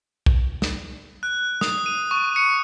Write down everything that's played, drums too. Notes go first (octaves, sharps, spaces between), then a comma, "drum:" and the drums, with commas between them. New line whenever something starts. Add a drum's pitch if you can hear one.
drum: kick B1
drum: snare
F#6
D#6, drum: snare
D#7
C#6
C#7